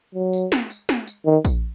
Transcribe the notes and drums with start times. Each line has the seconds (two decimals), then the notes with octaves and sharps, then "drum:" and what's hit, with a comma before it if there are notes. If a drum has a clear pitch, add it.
0.15 F#3
0.33 drum: tambourine
0.52 drum: snare
0.70 drum: tambourine
0.89 drum: snare
1.07 drum: tambourine
1.26 D#3
1.45 drum: kick A#1, tambourine